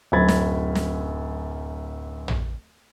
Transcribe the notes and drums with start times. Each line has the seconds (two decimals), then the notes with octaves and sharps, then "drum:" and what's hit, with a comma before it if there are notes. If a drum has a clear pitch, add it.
0.12 D1 F#2 C5 B5 G#6 A6
0.28 drum: snare
0.75 drum: snare
2.28 drum: tom